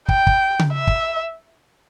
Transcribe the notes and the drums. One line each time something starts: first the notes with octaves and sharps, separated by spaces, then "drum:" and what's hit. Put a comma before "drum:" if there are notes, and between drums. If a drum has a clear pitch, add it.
G5, drum: kick
drum: kick
drum: tom C#3
E5
drum: kick